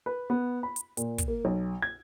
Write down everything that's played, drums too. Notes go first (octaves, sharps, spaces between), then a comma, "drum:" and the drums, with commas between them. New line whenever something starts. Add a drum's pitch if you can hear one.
B4
B3
B5
drum: hi-hat
A#2, drum: hi-hat
drum: kick, hi-hat
A#3
B1
G#6